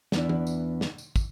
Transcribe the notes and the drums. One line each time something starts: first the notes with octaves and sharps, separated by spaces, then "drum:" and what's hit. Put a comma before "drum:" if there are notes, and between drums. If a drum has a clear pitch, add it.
E2 E3 B3 D4, drum: snare
drum: tom
drum: tambourine
drum: snare
drum: tambourine
drum: kick, tambourine